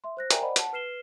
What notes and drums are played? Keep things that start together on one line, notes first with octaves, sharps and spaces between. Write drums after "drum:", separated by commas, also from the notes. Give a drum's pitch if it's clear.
E5 C6
C5 F#6 A#6
A#4 D5 E5 G5 G#5 A#5, drum: hi-hat
C5 D5 D#5 F#5 B5
F#5 A5, drum: hi-hat
B4 F6 C7 E7 G7